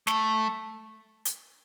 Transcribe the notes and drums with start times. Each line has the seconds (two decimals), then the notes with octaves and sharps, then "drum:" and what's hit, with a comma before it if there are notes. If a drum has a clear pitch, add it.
0.07 A3, drum: snare
1.25 drum: hi-hat